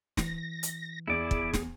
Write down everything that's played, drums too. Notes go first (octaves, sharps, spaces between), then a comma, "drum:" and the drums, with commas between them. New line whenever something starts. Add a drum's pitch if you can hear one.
E3 A#6, drum: snare
drum: hi-hat
E2 E4 G#4 D5
drum: kick
drum: snare